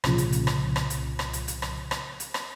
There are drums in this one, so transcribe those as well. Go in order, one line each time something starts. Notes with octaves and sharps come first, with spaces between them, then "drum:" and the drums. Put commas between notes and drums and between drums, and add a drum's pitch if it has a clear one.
C2 A#2 C#3 F3, drum: rim click
drum: hi-hat
drum: hi-hat
drum: rim click
drum: rim click
drum: hi-hat
drum: rim click
drum: hi-hat
drum: hi-hat
drum: rim click
drum: rim click
drum: hi-hat
drum: rim click